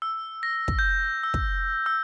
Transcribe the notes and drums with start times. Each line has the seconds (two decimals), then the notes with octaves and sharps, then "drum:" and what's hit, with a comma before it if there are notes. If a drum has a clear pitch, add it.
0.02 E6
0.43 A#6
0.68 drum: kick
0.79 G6
1.24 E6
1.34 drum: kick
1.86 E6